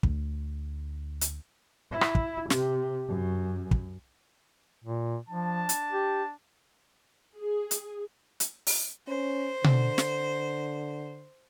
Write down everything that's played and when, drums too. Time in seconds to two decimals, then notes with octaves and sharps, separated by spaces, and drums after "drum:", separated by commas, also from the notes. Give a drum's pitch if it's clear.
0.03 D2, drum: kick
1.21 drum: hi-hat
1.92 E4
2.01 drum: rim click
2.15 drum: kick
2.50 C3, drum: snare
3.08 F#2
3.71 drum: kick
4.84 A#2
5.29 F3 D4 A5
5.69 drum: hi-hat
5.92 G4
7.36 G#4
7.71 drum: hi-hat
8.40 drum: hi-hat
8.67 drum: open hi-hat
9.08 C#4 C5
9.64 D3, drum: tom B2
9.98 drum: snare